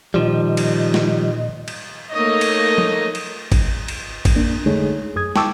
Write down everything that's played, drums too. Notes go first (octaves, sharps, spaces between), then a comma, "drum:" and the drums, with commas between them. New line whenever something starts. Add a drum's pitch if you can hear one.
A#2 D#3 F3 G3 D#5
drum: cymbal
drum: snare
drum: cymbal
A3 A#3 D#4 C#5 D#5
drum: cymbal
drum: tom F3
drum: cymbal
drum: kick, cymbal
drum: cymbal
drum: kick, cymbal
F2 A#3 D4
D3 G#3 A3 D#4 G#4 C#5
F#2 G#4 D#6 G#6
G5 A5 C#6 D6 E6, drum: snare